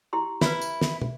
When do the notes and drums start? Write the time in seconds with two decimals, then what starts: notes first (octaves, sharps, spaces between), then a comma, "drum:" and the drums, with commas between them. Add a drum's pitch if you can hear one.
0.13 E4 G4 C6
0.41 E4 B4 C5 E5, drum: snare
0.61 drum: tambourine
0.81 drum: snare
1.02 drum: tom